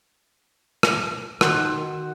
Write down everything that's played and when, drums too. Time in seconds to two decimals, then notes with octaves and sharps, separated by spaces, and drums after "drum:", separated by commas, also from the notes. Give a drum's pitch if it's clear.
0.83 drum: rim click
1.41 D#3 F#4 C5 F#5, drum: rim click